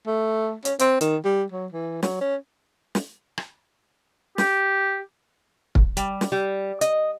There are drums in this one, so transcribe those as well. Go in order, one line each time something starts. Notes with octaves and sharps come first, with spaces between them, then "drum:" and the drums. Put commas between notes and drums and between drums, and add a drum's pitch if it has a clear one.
A3
C#4, drum: hi-hat
C4, drum: hi-hat
D#3, drum: hi-hat
G3
F#3
E3
F#3, drum: snare
C#4
drum: snare
drum: rim click
G4, drum: snare
drum: kick
G3, drum: hi-hat
drum: snare
G3
D#5, drum: hi-hat